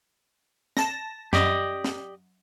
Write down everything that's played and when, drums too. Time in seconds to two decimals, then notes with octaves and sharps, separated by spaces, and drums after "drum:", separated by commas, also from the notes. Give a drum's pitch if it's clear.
0.77 A5 A#6, drum: snare
1.33 F#2 G4 D5 D#5, drum: snare
1.84 drum: snare